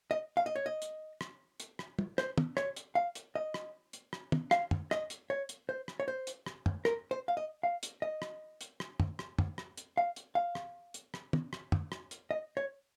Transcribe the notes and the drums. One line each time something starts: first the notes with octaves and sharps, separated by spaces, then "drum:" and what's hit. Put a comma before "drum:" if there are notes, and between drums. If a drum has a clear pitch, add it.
D#5
F5
D#5
C#5
D#5
drum: hi-hat
drum: rim click
drum: hi-hat
drum: rim click
drum: tom
C5, drum: rim click
drum: tom
C#5, drum: rim click
drum: hi-hat
F5
drum: hi-hat
D#5
drum: rim click
drum: hi-hat
drum: rim click
drum: tom
F5, drum: rim click
drum: tom
D#5, drum: rim click
drum: hi-hat
C#5
drum: hi-hat
C5
drum: rim click
C#5
C5
drum: hi-hat
drum: rim click
drum: tom
A#4, drum: rim click
C5
F5
D#5
F5
drum: hi-hat
D#5
drum: rim click
drum: hi-hat
drum: rim click
drum: tom
drum: rim click
drum: tom
drum: rim click
drum: hi-hat
F5
drum: hi-hat
F5
drum: rim click
drum: hi-hat
drum: rim click
drum: tom
drum: rim click
drum: tom
drum: rim click
drum: hi-hat
D#5
C#5